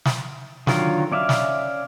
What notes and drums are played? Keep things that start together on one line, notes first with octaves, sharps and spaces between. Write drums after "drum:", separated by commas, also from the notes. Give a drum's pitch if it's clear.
drum: snare
D3 D#3 F#3 F4 A#4, drum: snare
C#4 D5 E5 F5
drum: snare